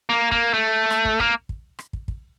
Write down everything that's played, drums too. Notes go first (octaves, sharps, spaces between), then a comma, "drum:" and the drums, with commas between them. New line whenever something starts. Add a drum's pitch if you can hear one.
A#3
A#3, drum: kick
A3
drum: rim click
drum: kick
A#3, drum: kick
drum: kick
drum: rim click
drum: kick
drum: kick